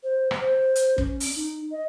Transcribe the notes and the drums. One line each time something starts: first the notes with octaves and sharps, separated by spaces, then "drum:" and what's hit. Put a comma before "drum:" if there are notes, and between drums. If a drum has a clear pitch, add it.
C5
drum: rim click
C5
drum: hi-hat
C#4, drum: kick
drum: open hi-hat
D#4
D#5